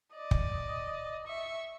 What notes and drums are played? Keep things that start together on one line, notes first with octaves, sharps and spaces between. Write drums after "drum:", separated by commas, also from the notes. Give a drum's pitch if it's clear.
D5 D#5
drum: kick
E5 C#6